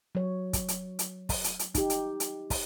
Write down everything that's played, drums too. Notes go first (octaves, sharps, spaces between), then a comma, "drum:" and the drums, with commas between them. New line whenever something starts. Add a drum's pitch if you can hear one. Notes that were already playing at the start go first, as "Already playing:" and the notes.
F#3 C#5
drum: kick, hi-hat
drum: hi-hat
drum: hi-hat
drum: kick, open hi-hat
drum: hi-hat
drum: hi-hat
D#4 G4, drum: kick, hi-hat
drum: hi-hat
drum: hi-hat
drum: kick, open hi-hat